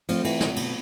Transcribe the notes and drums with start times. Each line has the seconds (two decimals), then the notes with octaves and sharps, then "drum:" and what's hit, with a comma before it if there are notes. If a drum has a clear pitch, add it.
0.09 F3 A3 C4 F4, drum: cymbal
0.25 E3, drum: cymbal
0.40 C3, drum: snare
0.56 B2, drum: cymbal